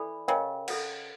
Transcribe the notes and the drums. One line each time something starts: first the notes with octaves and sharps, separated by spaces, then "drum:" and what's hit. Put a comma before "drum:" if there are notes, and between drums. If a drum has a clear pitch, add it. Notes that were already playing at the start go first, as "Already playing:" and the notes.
Already playing: E3 A4 D5 B5
C#3 A#4 D#5 G5 A#5
A4 C#5 F#5, drum: cymbal